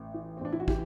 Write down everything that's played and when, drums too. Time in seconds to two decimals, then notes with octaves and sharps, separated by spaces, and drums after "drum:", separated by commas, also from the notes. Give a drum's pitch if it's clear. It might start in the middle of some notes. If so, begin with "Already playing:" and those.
Already playing: A1
0.14 E3
0.37 C4
0.41 A1 D4
0.52 E4
0.60 F#4
0.68 E3 E4 G4, drum: kick